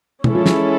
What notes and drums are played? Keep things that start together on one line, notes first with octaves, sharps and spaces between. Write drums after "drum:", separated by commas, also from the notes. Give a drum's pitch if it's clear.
E3 G#3 C#4 E4 A4, drum: tom
F3
E3, drum: snare